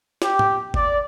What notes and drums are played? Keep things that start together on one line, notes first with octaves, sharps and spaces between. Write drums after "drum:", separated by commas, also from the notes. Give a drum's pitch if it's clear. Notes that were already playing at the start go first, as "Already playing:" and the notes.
G4, drum: snare
drum: tom A2
D5, drum: kick